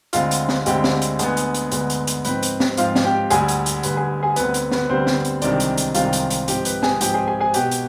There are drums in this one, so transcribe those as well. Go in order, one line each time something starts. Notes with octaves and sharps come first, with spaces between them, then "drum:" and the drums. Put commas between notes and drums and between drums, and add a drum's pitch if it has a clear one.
D2 D3 G#3 C4 F4 F5, drum: hi-hat
drum: hi-hat
drum: snare
D2 D3 G#3 C4 G4 G5, drum: hi-hat
drum: snare
drum: hi-hat
D2 D3 G#3 B3 G#4 G#5, drum: hi-hat
drum: hi-hat
drum: hi-hat
D2 D3 G#3 B3, drum: hi-hat
drum: hi-hat
drum: hi-hat
G#2 F3 C4 B4 B5, drum: hi-hat
drum: hi-hat
drum: snare
G#2 F3 C4 F4 F5, drum: hi-hat
drum: snare
G4 G5
D2 D3 G3 G#4 G#5, drum: hi-hat
drum: hi-hat
drum: hi-hat
D2 D3 G3 B4 B5, drum: hi-hat
G#4 G#5
G#4 G#5
D2 D3 G3 B3 C4 B4, drum: hi-hat
drum: hi-hat
B3 B4, drum: snare
D2 D3 G3 C4 C5
drum: snare
drum: hi-hat
C2 C3 D#3 G#3 C4 D4 D5, drum: hi-hat
drum: hi-hat
drum: hi-hat
C2 C3 D#3 G#3 C4 F4 F5, drum: hi-hat
drum: hi-hat
drum: hi-hat
G#2 F3 C4 G4 G5, drum: hi-hat
B4 B5, drum: hi-hat
G#4 G#5, drum: snare
G#2 F3 C4 G4 G5, drum: hi-hat
G#4 G#5
G#4 G#5
G#4 G#5
B2 B3 G4 G5, drum: hi-hat
drum: hi-hat